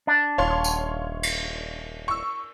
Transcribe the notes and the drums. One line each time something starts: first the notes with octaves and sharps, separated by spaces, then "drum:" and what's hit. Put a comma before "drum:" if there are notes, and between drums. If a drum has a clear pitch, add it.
D4
D#1 C#5 F5 C6
drum: tambourine
drum: cymbal
C#6 E6